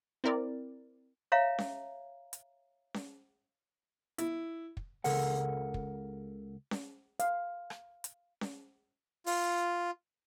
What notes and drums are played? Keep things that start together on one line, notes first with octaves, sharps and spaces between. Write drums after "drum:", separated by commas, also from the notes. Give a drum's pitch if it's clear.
C4 E4 A#4 D5
C#5 E5 F5 A#5
drum: snare C#4
drum: hi-hat
drum: snare C#4
E4, drum: hi-hat
drum: kick
C#2 C#3 A4 A#4 F#5, drum: open hi-hat
drum: kick
drum: snare C#4
F5, drum: hi-hat
drum: rim click
drum: hi-hat
drum: snare C#4
F4, drum: open hi-hat